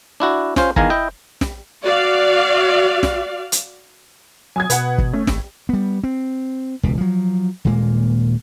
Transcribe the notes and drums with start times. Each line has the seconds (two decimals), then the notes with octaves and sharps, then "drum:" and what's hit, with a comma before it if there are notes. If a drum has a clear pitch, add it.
0.20 D4 E4 F#4
0.56 C#4 F4 C5, drum: snare
0.76 E2 D#3 F5 G#5 A#5, drum: kick
0.90 E4 D#5 G5
1.41 drum: snare
1.83 F#4 D5 F5
3.03 drum: snare
3.52 drum: hi-hat
4.56 F#3 G#5 D#6 G#6
4.70 B2 B4 F#5, drum: hi-hat
4.98 drum: kick
5.13 A3 C#4
5.27 G#1, drum: snare
5.69 G3 B3
6.04 C4
6.83 E1 C#2 B2
6.98 F3 F#3
7.65 D#1 A#2 G#3 A#3